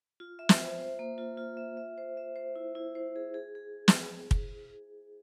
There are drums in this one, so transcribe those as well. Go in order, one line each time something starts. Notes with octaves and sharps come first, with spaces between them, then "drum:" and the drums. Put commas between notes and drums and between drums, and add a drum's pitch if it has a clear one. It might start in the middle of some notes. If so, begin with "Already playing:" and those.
F4
E5
drum: snare
C5
C5
A#3
F4
F4
E5
E5
C5
E5
C5
E4
E4
C5
G#4
G#4
G#4
drum: snare
drum: kick